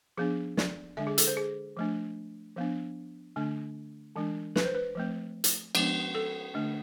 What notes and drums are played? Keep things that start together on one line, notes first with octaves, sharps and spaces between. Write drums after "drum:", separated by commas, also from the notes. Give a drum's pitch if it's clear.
F3 B3 D4 G#4
D5, drum: snare
D3 G#3 D4 E5
G#4
A4, drum: hi-hat
C5
G#4
F3 A3 D4
F3 B3 D4
D3 A3 D4
E3 G#3 D4
B4, drum: snare
C5
B4
F3 A3 C4
drum: hi-hat
F3 G#3 B3 D4, drum: cymbal
A4
D3 A3 D4